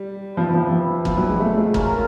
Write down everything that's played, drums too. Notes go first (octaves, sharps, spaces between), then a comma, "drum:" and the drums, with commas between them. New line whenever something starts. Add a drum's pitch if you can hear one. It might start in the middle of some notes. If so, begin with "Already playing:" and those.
Already playing: G3
F3 E4 G4 B4
F3
F3
F3, drum: kick
F#3
G#3
A3
G#3
C#4 F4 A#4, drum: kick